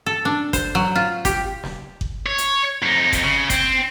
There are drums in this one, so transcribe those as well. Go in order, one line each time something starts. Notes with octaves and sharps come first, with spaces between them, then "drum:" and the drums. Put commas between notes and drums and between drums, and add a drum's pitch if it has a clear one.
A4
D4
C5, drum: kick G1, hi-hat
F#3
F4
G4, drum: kick G1, hi-hat
drum: snare
drum: kick G1
C#5
drum: hi-hat
F2 D#4
drum: kick G1, hi-hat
C#3
C4, drum: kick G1, hi-hat